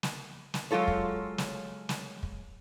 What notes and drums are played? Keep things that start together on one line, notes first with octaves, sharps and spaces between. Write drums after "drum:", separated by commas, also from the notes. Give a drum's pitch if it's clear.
drum: snare
drum: snare
F#3 G#3 F4 A4 C#5
drum: kick
drum: snare
drum: snare
drum: kick